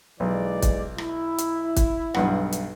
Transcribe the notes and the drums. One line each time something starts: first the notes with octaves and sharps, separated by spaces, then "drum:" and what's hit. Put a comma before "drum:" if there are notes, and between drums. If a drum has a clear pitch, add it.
B1 E3 G#3 D5
drum: kick, hi-hat
E4, drum: rim click
drum: hi-hat
drum: kick, hi-hat
B1 G2 F#5, drum: rim click
drum: hi-hat